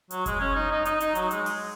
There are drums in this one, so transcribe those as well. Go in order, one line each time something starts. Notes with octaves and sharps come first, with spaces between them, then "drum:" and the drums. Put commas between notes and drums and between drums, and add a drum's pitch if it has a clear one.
F#3, drum: hi-hat
G#3, drum: kick F#1, hi-hat
C#4
D#4
D#4
D#4, drum: hi-hat
D#4, drum: hi-hat
F#3, drum: hi-hat
G#3, drum: hi-hat
drum: open hi-hat